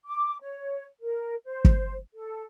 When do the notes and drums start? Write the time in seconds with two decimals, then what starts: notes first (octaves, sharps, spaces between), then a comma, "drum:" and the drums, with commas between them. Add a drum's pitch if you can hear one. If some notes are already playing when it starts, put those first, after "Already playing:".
0.06 D6
0.42 C#5
1.01 A#4
1.45 C5
1.65 drum: kick
2.14 A4